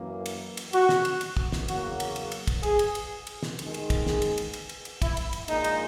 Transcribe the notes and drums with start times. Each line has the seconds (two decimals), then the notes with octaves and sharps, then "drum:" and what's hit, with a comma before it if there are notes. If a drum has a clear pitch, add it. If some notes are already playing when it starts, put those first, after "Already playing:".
Already playing: F#2 E3 A#3
0.26 drum: cymbal
0.57 drum: cymbal
0.73 F#4, drum: cymbal
0.89 drum: snare
1.05 drum: cymbal
1.21 drum: cymbal
1.37 drum: kick
1.52 drum: snare
1.68 E2 C#3 F#3 A#3 F#4, drum: cymbal
2.00 drum: cymbal
2.16 drum: cymbal
2.32 drum: cymbal
2.47 drum: kick, cymbal
2.63 G#4, drum: cymbal
2.79 drum: cymbal
2.95 drum: cymbal
3.27 drum: cymbal
3.43 drum: snare
3.59 D#2 D#3 G#3, drum: cymbal
3.74 drum: cymbal
3.90 drum: kick, cymbal
4.07 G#4, drum: snare
4.22 drum: cymbal
4.38 drum: cymbal
4.53 drum: cymbal
4.69 drum: cymbal
4.85 drum: cymbal
5.02 E4, drum: kick, cymbal
5.17 drum: cymbal
5.33 drum: cymbal
5.48 A#1 A#2 G#3 D#4, drum: cymbal
5.64 drum: cymbal